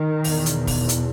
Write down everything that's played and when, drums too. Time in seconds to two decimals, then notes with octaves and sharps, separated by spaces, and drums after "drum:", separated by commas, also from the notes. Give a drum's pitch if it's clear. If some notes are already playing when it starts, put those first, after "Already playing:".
Already playing: D#3
0.24 E2 B2, drum: open hi-hat
0.46 drum: hi-hat
0.67 drum: kick, open hi-hat
0.89 drum: hi-hat